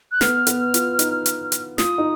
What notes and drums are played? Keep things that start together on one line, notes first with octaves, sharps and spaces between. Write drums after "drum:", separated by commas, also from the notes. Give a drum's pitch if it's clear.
F#6
B3 B4 F6, drum: snare
B3 B4, drum: hi-hat
F4, drum: hi-hat
D#4, drum: hi-hat
drum: hi-hat
drum: hi-hat
F4 D#6, drum: snare
D#4